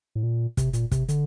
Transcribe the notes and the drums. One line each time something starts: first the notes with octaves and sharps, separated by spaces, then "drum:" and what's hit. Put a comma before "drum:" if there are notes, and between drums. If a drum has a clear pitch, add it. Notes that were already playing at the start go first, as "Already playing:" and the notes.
A2
A#2
C3, drum: kick, hi-hat
A#2, drum: hi-hat
C3, drum: kick, hi-hat
D3, drum: hi-hat